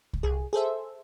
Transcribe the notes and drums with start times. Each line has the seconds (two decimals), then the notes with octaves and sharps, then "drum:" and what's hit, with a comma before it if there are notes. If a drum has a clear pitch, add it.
0.14 drum: kick C2
0.23 C2 G#4
0.53 G#4 A4 C5 E5